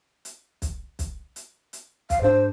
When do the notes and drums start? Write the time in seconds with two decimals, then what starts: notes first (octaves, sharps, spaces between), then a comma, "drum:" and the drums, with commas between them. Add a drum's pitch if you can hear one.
0.25 drum: hi-hat
0.62 drum: kick B1, hi-hat
0.99 drum: kick B1, hi-hat
1.36 drum: hi-hat
1.73 drum: hi-hat
2.10 F5, drum: kick B1, hi-hat
2.22 G#2 D4 C5